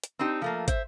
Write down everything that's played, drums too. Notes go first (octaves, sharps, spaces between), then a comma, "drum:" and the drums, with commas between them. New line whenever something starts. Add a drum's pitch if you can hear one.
drum: hi-hat
C4 D4 D#4 G4
F3 A3 A#3
C5 E5, drum: kick, hi-hat